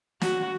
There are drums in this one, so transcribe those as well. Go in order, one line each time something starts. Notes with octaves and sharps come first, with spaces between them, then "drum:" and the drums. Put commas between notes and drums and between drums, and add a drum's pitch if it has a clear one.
F#4, drum: snare